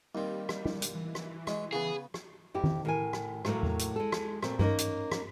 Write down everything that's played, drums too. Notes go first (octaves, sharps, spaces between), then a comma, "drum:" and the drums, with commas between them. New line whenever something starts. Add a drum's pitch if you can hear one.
D#2 G3 C4
drum: rim click
drum: tom
drum: hi-hat
E3
drum: rim click
G#3 C#5, drum: rim click
C#3 B3 G#4
drum: rim click
F2 E4 G4
drum: tom D#3
A2 A#4 G#5
drum: rim click
A2 F#3 A3 A#3 A#4, drum: rim click
drum: tom E2
drum: hi-hat
G#3 A4
drum: rim click
A#2 A3 C4, drum: rim click
A#3 B3 C#4 D#4 A#4, drum: tom G2
drum: hi-hat
drum: rim click